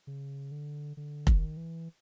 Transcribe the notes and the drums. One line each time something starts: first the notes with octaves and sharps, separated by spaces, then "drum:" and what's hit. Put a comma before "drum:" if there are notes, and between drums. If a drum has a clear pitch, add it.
C#3
D3
D3
D#3, drum: kick F1
E3